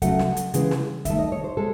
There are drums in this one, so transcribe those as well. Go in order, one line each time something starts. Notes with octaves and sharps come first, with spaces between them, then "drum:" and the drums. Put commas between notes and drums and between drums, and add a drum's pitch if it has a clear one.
C#3 F#3 A3 F#5, drum: kick, hi-hat
drum: snare
drum: hi-hat
C#3 E3 G#3, drum: hi-hat
drum: snare
D#3 A3 E5, drum: kick, hi-hat
D#5
C#5
C5
G#3 A4